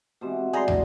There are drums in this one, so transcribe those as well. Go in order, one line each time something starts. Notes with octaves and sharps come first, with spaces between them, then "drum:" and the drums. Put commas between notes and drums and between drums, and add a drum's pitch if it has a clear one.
B2 E3 G#3 C4 G4
G3 G#4 A#5 C6
A#1 A2, drum: tom